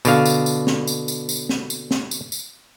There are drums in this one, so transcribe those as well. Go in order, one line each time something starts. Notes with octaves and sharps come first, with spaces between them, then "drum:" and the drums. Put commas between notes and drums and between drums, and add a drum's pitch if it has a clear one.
B2 D3 F5, drum: tambourine
drum: tambourine
drum: tambourine
drum: snare
drum: tambourine
drum: tambourine
drum: tambourine
drum: snare
drum: tambourine
drum: snare
drum: tambourine
drum: tambourine